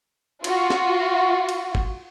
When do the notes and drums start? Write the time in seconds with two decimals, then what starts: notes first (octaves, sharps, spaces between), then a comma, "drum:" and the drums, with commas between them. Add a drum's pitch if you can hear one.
0.44 F4 F#4, drum: cymbal
0.70 drum: snare
1.49 drum: cymbal
1.75 drum: kick